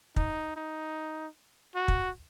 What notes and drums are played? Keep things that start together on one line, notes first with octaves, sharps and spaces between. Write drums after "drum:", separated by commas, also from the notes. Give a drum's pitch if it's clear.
D#4, drum: kick
D#4
F#4
drum: kick